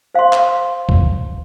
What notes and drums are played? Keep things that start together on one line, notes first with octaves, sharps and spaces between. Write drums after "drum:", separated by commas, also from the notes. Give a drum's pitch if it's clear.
C5 F5 C6
drum: clap
drum: kick